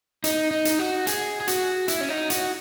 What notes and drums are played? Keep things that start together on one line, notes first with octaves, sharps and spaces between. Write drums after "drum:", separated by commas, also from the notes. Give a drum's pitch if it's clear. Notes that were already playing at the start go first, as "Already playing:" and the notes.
D#4, drum: hi-hat
D#4
drum: hi-hat
F#4
G#4, drum: hi-hat
G#4
F#4, drum: hi-hat
E4, drum: hi-hat
C#4
D#4
F#4, drum: hi-hat